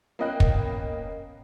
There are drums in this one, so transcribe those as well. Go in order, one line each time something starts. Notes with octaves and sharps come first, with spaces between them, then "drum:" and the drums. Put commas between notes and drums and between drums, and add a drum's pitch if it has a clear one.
A#3 B3 C#4 D#5 G5 F#6
drum: kick